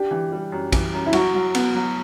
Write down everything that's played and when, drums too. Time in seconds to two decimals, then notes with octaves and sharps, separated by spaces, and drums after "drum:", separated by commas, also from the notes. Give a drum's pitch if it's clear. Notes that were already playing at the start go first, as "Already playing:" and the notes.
Already playing: D4 G4
0.11 E3
0.32 G3
0.52 F#2
0.72 E3, drum: kick A#1, cymbal
0.93 F#2
1.06 E4
1.13 F#3 F#4, drum: cymbal
1.34 F#3
1.55 B3, drum: cymbal
1.74 F#3